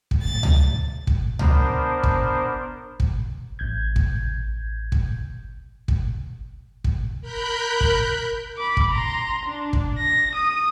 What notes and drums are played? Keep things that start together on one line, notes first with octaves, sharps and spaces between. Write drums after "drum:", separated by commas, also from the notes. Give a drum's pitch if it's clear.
drum: kick
A2 A6
drum: tom C#2
drum: kick
B3 D4 A#4 C5, drum: tom C#2
drum: kick
drum: kick
A1 G6 G#6
drum: kick
drum: kick
drum: kick
drum: kick
A#4 B5 F#6 G6
drum: kick
B5 D6
drum: kick
A#5 C6
D4
drum: kick
A#6
D#6